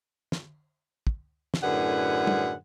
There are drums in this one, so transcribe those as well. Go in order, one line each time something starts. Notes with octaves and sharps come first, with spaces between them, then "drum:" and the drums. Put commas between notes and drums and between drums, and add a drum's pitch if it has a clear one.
drum: snare
drum: kick
drum: snare
F#2 A2 D3 G#4 B4 F#5
drum: tom